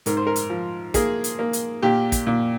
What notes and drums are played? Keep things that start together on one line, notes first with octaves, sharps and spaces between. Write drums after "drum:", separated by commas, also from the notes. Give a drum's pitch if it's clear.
G#2 A#4, drum: hi-hat
C5
A#4
drum: hi-hat
F3
A#3 G#4, drum: kick, hi-hat
drum: hi-hat
A#3
drum: hi-hat
A#2 G4
drum: kick, hi-hat
A#2